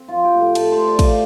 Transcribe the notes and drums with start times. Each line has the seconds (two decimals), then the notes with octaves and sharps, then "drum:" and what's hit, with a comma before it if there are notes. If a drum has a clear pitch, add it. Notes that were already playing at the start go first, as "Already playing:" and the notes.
Already playing: C4
0.08 F3 F4
0.24 G4
0.35 A2
0.41 G4
0.55 A2 A4, drum: cymbal
0.72 A2 C5
0.88 D5
0.99 A2 F5, drum: kick, cymbal